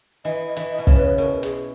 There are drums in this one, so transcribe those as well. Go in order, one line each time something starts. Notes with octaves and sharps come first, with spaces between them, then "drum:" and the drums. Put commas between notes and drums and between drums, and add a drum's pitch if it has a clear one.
E3 D#5
D#5
E3, drum: hi-hat
D#5
B2
C#3, drum: kick
B4
B2 A#4
G#4, drum: hi-hat